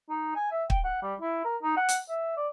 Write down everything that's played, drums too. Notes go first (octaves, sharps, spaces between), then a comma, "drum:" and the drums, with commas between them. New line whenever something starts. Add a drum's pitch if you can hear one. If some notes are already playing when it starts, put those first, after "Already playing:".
D#4
G#5
E5
G5, drum: kick
F#5
G3
E4
A#4
D#4
F#5
drum: hi-hat
E5
D5